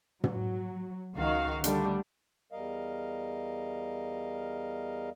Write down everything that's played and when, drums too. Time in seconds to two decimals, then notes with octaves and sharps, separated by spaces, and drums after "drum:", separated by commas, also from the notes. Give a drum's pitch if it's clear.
0.24 F#3, drum: tom
1.17 C#2 D#3 F#4 F5
1.64 D3 G3 A3 D4, drum: hi-hat
2.52 E2 G3 A#4 D#5 F5